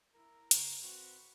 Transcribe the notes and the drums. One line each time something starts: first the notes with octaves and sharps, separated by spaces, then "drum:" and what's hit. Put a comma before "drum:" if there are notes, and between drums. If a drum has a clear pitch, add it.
E4 A#4
C#3, drum: hi-hat
C4 F#4 B4 B5